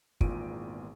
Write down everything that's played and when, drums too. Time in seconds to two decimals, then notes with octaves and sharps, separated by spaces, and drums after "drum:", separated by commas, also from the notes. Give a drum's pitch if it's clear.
0.21 G#1 E2 A#2 F4 D7 D#7, drum: kick